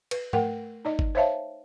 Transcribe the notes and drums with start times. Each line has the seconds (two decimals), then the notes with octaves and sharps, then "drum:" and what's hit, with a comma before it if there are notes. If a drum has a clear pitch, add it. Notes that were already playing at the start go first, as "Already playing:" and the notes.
0.11 B4, drum: cymbal
0.33 A3 A#4 F#5 G5, drum: tom G#2
0.85 D#4 D5 D#5
0.99 drum: kick G1
1.15 C5 C#5 E5 F5 A5